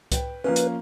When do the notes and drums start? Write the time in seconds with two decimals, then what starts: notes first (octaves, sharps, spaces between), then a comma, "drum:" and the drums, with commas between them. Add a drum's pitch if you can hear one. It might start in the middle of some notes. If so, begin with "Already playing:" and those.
0.12 B4 G5, drum: kick C2, hi-hat
0.44 F3 A#3 C#4 B4
0.56 drum: hi-hat